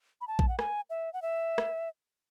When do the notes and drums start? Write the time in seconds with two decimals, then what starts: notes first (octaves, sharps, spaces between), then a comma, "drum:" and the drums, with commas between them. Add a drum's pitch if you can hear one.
0.21 B5
0.28 A5
0.39 drum: kick A#1
0.48 F#5
0.59 G#5, drum: rim click
0.90 E5
1.13 F#5
1.22 E5
1.58 drum: rim click